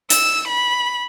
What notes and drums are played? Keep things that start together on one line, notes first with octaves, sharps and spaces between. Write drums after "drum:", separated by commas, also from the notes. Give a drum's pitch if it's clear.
E6, drum: hi-hat
B5